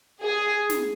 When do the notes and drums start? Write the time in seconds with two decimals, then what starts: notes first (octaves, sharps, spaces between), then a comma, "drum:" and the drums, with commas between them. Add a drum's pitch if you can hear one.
0.22 G#4
0.70 drum: snare